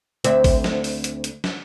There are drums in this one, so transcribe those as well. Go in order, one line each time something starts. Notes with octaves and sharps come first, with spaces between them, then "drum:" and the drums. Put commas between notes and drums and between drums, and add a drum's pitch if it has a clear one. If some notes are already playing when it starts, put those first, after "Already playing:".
D2 C4 E5, drum: hi-hat
drum: kick A1, open hi-hat
drum: snare
drum: open hi-hat
drum: hi-hat
drum: hi-hat
drum: snare